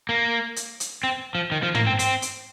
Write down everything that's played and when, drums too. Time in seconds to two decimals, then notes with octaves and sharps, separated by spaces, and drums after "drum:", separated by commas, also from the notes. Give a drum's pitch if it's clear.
0.09 A#3
0.56 drum: hi-hat
0.80 drum: hi-hat
1.03 C4
1.35 F3
1.52 D#3
1.63 F3
1.75 A#3, drum: tom
1.87 C4
1.99 C4, drum: hi-hat
2.22 drum: hi-hat